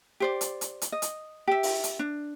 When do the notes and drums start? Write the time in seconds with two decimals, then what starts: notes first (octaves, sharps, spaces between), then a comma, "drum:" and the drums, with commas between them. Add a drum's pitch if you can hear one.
0.20 G4 C5 D5
0.41 drum: hi-hat
0.61 drum: hi-hat
0.82 drum: hi-hat
0.92 D#5
1.02 drum: hi-hat
1.47 G4 E5
1.63 drum: open hi-hat
1.84 drum: hi-hat
1.99 D4